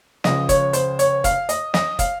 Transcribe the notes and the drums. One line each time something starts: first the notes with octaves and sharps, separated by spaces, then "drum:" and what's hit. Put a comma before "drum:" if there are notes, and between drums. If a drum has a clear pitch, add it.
C#2 C#3 F3 D#5, drum: snare
C#5, drum: kick, hi-hat
C5, drum: hi-hat
C#5, drum: hi-hat
F5, drum: kick, hi-hat
D#5, drum: hi-hat
D#5, drum: snare
F5, drum: kick, hi-hat